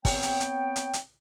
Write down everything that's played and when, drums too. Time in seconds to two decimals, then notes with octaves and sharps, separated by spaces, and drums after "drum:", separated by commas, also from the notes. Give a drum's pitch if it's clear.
0.05 B3 C4 C#5 G5, drum: kick, open hi-hat
0.22 drum: hi-hat
0.40 drum: hi-hat
0.76 drum: hi-hat
0.93 drum: hi-hat